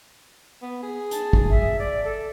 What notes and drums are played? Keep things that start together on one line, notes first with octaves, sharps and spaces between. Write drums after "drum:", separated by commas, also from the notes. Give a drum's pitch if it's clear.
B3
G#4
A5, drum: hi-hat
drum: kick
E5
D5
A4